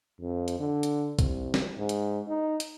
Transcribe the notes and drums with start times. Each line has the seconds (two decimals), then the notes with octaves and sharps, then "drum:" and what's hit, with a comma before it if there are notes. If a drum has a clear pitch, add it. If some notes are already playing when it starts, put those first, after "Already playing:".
0.20 F2
0.48 drum: hi-hat
0.59 D3
0.83 drum: hi-hat
1.19 C2, drum: kick B1, hi-hat
1.54 drum: snare
1.78 G#2
1.89 drum: hi-hat
2.28 D#4
2.60 drum: hi-hat